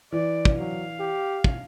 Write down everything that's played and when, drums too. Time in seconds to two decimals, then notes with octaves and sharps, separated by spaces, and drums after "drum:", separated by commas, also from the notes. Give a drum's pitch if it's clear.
0.12 E3 D5
0.45 drum: kick
0.59 F#3 F5
1.00 G4
1.44 drum: kick